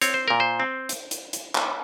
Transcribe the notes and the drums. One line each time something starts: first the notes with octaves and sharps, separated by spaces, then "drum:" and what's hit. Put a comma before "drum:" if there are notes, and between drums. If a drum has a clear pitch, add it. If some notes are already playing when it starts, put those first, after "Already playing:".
C4 C#5, drum: hi-hat
C5
A#2 A#4
C5
C4
drum: hi-hat
drum: hi-hat
drum: hi-hat
drum: clap